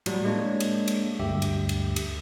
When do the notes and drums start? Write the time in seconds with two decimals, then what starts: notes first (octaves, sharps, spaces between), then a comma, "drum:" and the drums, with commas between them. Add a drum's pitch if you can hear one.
0.06 A2 F#3 G3, drum: cymbal
0.24 G#3 A#3 D4 C#5
0.60 drum: cymbal
0.88 drum: cymbal
1.19 D2 G2 G4 E5
1.42 drum: cymbal
1.69 drum: cymbal
1.96 drum: cymbal